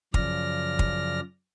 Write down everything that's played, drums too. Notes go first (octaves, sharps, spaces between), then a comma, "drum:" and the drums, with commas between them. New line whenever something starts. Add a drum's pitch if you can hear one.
F#2 C#3 F3 D5 F6 A#6, drum: kick
drum: kick